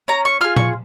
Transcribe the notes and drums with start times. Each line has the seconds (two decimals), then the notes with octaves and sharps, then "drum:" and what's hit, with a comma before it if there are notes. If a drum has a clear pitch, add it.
0.08 C#4 A#5
0.25 C#6
0.41 F4 G#4 F6
0.56 C#6, drum: tom A#2